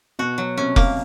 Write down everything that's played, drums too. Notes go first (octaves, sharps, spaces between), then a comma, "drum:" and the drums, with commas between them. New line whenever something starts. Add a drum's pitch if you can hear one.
B2 F#4
F#3
C3 C#4
A#3, drum: kick F1